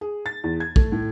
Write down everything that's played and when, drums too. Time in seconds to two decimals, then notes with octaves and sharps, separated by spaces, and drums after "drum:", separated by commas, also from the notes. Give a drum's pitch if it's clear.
0.01 G#4
0.26 A6
0.44 E2
0.60 G#6
0.76 A3, drum: kick
0.92 A2